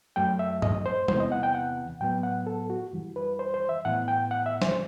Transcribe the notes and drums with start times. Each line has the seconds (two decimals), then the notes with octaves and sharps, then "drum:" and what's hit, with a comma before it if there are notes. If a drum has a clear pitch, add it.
0.16 F#2 F#3 A3 G5
0.39 E5
0.62 D#5, drum: tom G2
0.86 C5
1.08 E2 C3 E3 B3 C5, drum: tom G3
1.20 D#5
1.32 F#5
1.43 G5
1.55 F#5
2.01 A2 F#3 B3 G5
2.23 F#5
2.47 A4
2.70 F#4
2.93 F#2 E3 G3
3.16 B4
3.39 C5
3.54 C5
3.69 E5
3.85 A2 E3 B3 F#5
4.08 G5
4.31 F#5
4.46 E5
4.62 C5, drum: snare